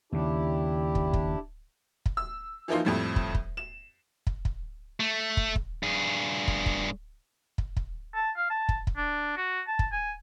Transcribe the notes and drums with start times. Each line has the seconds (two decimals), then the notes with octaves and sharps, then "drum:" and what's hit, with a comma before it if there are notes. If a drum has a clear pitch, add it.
0.12 D#2 C#3 D4 E4 G4
0.95 drum: kick
1.13 drum: kick
2.06 drum: kick
2.17 E6
2.68 E3 F3 A#3 D#4 F4
2.85 F2 A2 G3
3.16 drum: kick
3.35 drum: kick
3.57 E7
4.27 drum: kick
4.45 drum: kick
5.00 A3
5.37 drum: kick
5.56 drum: kick
5.83 G2 G#4
6.48 drum: kick
6.66 drum: kick
7.58 drum: kick
7.77 drum: kick
8.15 A5
8.36 F5
8.50 A5
8.69 drum: kick
8.87 drum: kick
8.97 D4
9.37 F#4
9.67 A5
9.79 drum: kick
9.92 G#5